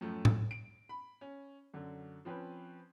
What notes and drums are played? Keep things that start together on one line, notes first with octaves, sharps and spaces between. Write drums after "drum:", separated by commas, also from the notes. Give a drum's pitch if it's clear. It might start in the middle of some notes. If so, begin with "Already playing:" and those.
F#2 A2 F3 A3
drum: tom A2
D7
B5
C#4
F#2 D3
F3 C4 C#4 B4